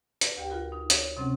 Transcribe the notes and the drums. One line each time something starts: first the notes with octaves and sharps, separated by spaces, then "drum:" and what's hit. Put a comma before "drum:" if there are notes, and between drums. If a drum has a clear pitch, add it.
B4 D5, drum: hi-hat
D2 G4 G5
F4 F#4 A#4
D#4
C#5, drum: hi-hat
C3 F#3 C4 C#4